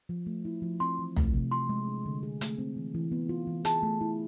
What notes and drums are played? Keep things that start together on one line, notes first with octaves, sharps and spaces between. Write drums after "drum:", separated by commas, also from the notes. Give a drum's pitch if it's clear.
F3
A3
E4
F3
C4 C6
E3
A3, drum: tom
C3
F4 C6
G#3
D4
D3
G#4
A3, drum: hi-hat
C4
E3
E3
B3
F4
E3
G#4 A5, drum: hi-hat
A3
E4